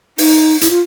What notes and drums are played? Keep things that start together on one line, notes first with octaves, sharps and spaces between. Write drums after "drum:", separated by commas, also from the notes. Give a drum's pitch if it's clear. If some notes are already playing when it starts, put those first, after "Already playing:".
D#4, drum: open hi-hat
E4, drum: hi-hat
F4